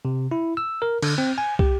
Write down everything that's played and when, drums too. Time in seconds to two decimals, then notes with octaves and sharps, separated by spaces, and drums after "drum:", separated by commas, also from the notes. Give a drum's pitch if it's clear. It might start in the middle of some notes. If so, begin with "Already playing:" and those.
0.05 C3
0.31 E4
0.57 E6
0.82 A#4
1.03 D3, drum: cymbal
1.18 C4
1.38 G#5
1.59 G4, drum: kick